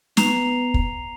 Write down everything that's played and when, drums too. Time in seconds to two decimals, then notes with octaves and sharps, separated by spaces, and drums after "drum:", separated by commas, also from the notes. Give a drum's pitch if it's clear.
0.17 B3 A#5 C7 F7, drum: snare
0.74 drum: kick